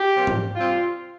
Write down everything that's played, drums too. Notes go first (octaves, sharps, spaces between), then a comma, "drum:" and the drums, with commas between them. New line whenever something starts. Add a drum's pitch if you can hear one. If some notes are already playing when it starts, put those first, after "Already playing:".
Already playing: G4
C3 G3 A#3
drum: tom G#2
C3 G3 C4 F4